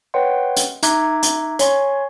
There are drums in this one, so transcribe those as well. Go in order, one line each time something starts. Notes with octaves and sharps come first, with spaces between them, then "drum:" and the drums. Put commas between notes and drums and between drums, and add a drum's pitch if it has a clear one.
B4 C#5 D#5 F#5 G5 C6
drum: hi-hat
D#4 E5 A#5 D6 F#6 G#6, drum: hi-hat
drum: hi-hat
C#5 G#5 C6 C#6, drum: hi-hat